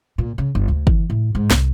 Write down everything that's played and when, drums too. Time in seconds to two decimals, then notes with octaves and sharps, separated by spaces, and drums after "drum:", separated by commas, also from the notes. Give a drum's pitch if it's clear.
0.18 A#2
0.38 C#3
0.55 G1
0.68 D2
0.87 E3, drum: kick
1.10 A2
1.35 G#2
1.51 C2, drum: snare